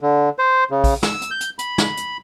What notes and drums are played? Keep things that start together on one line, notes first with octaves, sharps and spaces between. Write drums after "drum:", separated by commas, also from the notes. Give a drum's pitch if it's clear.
D3
C5
C#3
drum: kick, open hi-hat
E6, drum: snare
drum: hi-hat
G6
drum: hi-hat
B5, drum: hi-hat
drum: snare
drum: hi-hat